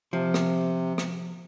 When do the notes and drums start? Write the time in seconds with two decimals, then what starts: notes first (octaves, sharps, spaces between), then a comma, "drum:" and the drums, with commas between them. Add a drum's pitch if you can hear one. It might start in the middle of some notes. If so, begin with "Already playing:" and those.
0.13 C3 F3
0.34 drum: rim click
0.98 drum: rim click